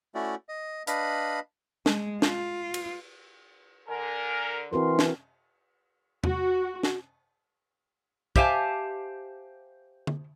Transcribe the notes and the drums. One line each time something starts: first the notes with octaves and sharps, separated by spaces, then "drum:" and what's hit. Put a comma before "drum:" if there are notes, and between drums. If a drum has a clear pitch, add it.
A3 C#4 E4 F#4 D5
D#5
D4 B4 D#5 F5 B5, drum: hi-hat
G#3, drum: snare
F4, drum: snare
drum: cymbal
D3 A#4 G#5
E3 C4 F#4 A#4 C6
drum: snare
F#4, drum: tom E2
drum: snare
G4 C5 E5 F5 G#5 A5, drum: kick
drum: tom